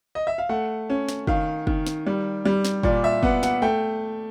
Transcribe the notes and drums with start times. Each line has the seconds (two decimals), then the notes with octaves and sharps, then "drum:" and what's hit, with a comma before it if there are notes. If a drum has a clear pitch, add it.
0.15 D#5
0.27 E5
0.38 F5
0.49 A3 F#5
0.90 C#4
1.09 drum: snare
1.27 D#3 F5, drum: kick
1.67 D#3, drum: kick
1.87 drum: snare
2.06 G3
2.45 G3
2.65 drum: snare
2.83 A#2 D5, drum: kick
3.04 E5
3.23 B3 F#5, drum: kick
3.43 F#5, drum: snare
3.62 A3 G5